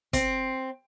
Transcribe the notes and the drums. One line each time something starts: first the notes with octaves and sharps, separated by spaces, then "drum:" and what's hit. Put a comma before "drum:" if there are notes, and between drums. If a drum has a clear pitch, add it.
C4, drum: kick, hi-hat